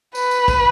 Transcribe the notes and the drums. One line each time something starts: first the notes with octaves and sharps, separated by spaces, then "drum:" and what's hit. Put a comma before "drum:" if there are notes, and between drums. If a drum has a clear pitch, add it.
B4, drum: tambourine
drum: tambourine
drum: kick, tambourine